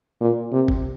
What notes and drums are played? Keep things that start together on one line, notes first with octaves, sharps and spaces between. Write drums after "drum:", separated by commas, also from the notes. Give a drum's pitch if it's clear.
A#2
C3
drum: kick